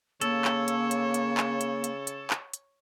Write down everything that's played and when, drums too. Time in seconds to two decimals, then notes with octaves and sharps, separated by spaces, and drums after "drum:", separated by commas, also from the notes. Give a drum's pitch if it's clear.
0.21 C#3 A#3 A4 C#5, drum: hi-hat
0.45 drum: clap
0.68 drum: hi-hat
0.91 drum: hi-hat
1.14 drum: hi-hat
1.37 drum: clap
1.61 drum: hi-hat
1.84 drum: hi-hat
2.07 drum: hi-hat
2.30 drum: clap
2.53 drum: hi-hat